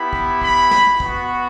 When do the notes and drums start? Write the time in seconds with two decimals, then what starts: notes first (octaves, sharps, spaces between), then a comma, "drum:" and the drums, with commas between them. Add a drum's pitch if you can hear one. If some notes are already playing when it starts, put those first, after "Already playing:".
Already playing: B3 E4 G4 B5
0.13 drum: kick
0.42 B5, drum: kick
0.71 drum: snare
1.00 B3 F#4, drum: kick